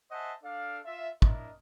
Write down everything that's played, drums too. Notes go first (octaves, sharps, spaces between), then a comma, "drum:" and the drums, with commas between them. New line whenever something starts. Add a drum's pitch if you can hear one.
C5 D#5 E5 F#5 G#5 A5
D4 A4 D5 F5
F4 E5
D4 E4 A#4 D#5, drum: kick